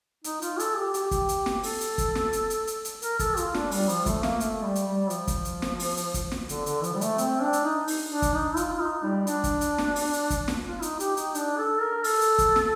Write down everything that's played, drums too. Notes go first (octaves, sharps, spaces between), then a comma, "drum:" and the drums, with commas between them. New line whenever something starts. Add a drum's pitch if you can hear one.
D#4, drum: hi-hat
F4, drum: hi-hat
A4, drum: hi-hat
G4
G4, drum: hi-hat
drum: kick, hi-hat
drum: hi-hat
drum: snare
A4, drum: open hi-hat
drum: hi-hat
drum: kick, hi-hat
drum: snare
drum: hi-hat
drum: hi-hat
drum: hi-hat
drum: hi-hat
A#4, drum: hi-hat
A4, drum: kick, hi-hat
F4, drum: hi-hat
D4, drum: snare
G3, drum: open hi-hat
F3, drum: hi-hat
A3, drum: kick, hi-hat
A#3, drum: snare
A3, drum: hi-hat
G3
drum: hi-hat
G3
F3, drum: hi-hat
drum: kick, hi-hat
drum: hi-hat
drum: snare
drum: open hi-hat
drum: hi-hat
drum: kick, hi-hat
drum: snare
D3, drum: hi-hat
D3, drum: hi-hat
F3, drum: hi-hat
G3
A3, drum: hi-hat
C4, drum: hi-hat
D4
drum: hi-hat
D#4
drum: open hi-hat
D4
drum: kick, hi-hat
D#4
F4, drum: hi-hat
D#4
G3
D4, drum: hi-hat
drum: kick, hi-hat
drum: hi-hat
drum: snare
drum: open hi-hat
drum: hi-hat
drum: kick, hi-hat
drum: snare
F4
D#4, drum: hi-hat
G4, drum: hi-hat
D#4, drum: hi-hat
D4, drum: hi-hat
A4
A#4
A4, drum: open hi-hat
drum: hi-hat
drum: kick, hi-hat
drum: snare